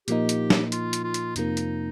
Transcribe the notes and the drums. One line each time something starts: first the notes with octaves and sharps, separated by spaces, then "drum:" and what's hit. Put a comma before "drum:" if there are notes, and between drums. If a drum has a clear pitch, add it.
A#2 F3 A#3 D#4 G4, drum: hi-hat
drum: hi-hat
drum: snare
F4, drum: hi-hat
drum: hi-hat
F4
drum: hi-hat
F2 C3 F3 A#3 D#4, drum: hi-hat
drum: hi-hat